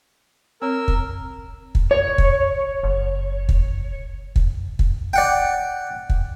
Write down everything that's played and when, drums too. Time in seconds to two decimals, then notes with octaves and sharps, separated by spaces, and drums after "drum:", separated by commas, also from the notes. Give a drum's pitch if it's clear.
0.62 C4 A#4 C#5 E6
0.88 drum: kick
1.75 drum: kick
1.91 C#5
2.18 drum: kick
2.83 F#1
3.49 drum: kick
4.36 drum: kick
4.79 drum: kick
5.13 D5 F#5 G5
6.10 drum: kick